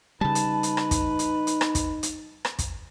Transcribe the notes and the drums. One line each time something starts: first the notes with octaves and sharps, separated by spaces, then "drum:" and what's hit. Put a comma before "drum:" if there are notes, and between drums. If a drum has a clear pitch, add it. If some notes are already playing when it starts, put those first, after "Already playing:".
C#3 G3 D#4 B4 A5
drum: hi-hat
drum: hi-hat
drum: rim click
drum: kick, hi-hat
drum: hi-hat
drum: hi-hat
drum: rim click
drum: kick, hi-hat
drum: hi-hat
drum: rim click
drum: kick, hi-hat